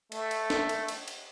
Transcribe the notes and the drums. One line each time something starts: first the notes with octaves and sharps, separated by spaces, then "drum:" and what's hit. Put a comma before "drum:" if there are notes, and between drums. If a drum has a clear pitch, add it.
A3, drum: cymbal
drum: cymbal
drum: snare
drum: cymbal
drum: cymbal
drum: cymbal